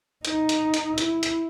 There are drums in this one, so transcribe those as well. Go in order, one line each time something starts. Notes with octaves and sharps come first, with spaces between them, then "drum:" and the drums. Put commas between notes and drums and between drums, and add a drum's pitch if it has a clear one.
D#4, drum: hi-hat
drum: hi-hat
drum: hi-hat
E4, drum: hi-hat
drum: hi-hat